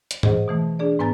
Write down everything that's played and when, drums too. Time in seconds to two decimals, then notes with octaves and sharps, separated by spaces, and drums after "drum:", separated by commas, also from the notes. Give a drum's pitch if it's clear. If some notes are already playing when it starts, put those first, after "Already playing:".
0.11 drum: hi-hat
0.23 G#4 C5 D#5 F#5, drum: tom G#2
0.48 B2 E3 A3
0.79 D4 G#4 D5
0.99 G#2 B3 B4 G#5 A#5 A6